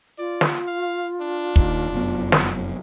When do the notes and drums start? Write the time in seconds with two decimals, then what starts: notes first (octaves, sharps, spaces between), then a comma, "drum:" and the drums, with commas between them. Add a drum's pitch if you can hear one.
0.18 F4 D5
0.41 drum: snare
0.68 F5
1.21 D4
1.56 D#2, drum: kick
1.92 F1 F#2 B3
2.32 drum: snare